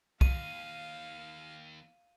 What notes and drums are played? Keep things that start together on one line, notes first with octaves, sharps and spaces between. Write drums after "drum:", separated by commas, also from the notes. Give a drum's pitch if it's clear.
D#2 F5 D#7, drum: kick